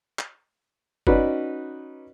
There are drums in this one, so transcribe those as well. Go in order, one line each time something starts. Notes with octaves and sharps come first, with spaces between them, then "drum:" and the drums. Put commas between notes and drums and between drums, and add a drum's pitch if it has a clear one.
drum: clap
C#4 D#4 F#4 B4 D5, drum: kick F#1